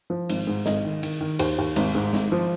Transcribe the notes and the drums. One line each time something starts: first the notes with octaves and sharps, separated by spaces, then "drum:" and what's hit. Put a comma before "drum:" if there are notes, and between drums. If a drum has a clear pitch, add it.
F3
G#1, drum: cymbal
G#2
G#1 D#5, drum: snare
D#3
D#3, drum: cymbal
D#3
D#2 C5, drum: cymbal
D#2
G#1, drum: cymbal
G#2
G#1, drum: snare
F3